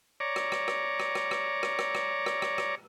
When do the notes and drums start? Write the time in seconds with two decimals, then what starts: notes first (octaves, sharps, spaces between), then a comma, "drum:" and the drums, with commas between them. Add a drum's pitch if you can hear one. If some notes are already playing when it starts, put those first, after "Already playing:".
0.20 C#5 D5 A#5
0.36 drum: rim click
0.52 drum: rim click
0.68 drum: rim click
1.00 drum: rim click
1.15 drum: rim click
1.31 drum: rim click
1.63 drum: rim click
1.79 drum: rim click
1.95 drum: rim click
2.26 drum: rim click
2.42 drum: rim click
2.58 drum: rim click